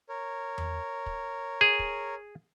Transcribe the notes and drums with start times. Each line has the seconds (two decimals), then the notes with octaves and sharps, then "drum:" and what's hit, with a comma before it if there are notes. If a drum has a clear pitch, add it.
0.09 A#4 C#5
0.58 drum: tom E2
1.06 drum: kick
1.61 G#4
1.79 drum: kick